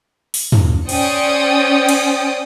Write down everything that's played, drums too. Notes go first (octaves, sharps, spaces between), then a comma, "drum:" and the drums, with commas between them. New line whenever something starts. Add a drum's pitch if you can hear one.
drum: open hi-hat
drum: tom
C#4 C5 D5 G5 D#6 C#7, drum: cymbal
drum: cymbal